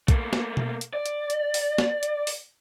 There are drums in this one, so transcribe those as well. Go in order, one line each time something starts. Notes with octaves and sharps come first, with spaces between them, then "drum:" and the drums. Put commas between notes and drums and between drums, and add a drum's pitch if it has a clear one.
A3 A#3, drum: kick, hi-hat
drum: snare
drum: tom B2
drum: hi-hat
D5
drum: hi-hat
drum: hi-hat
drum: open hi-hat
drum: snare
drum: hi-hat
drum: open hi-hat